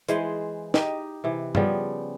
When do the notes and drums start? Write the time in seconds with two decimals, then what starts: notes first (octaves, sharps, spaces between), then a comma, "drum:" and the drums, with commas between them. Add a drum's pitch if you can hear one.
0.08 E3 G#3 G#4 C5, drum: hi-hat
0.74 D#4 G4 D#5, drum: snare
1.24 C3 E3
1.55 C#3 F3 G3 B3, drum: tom G2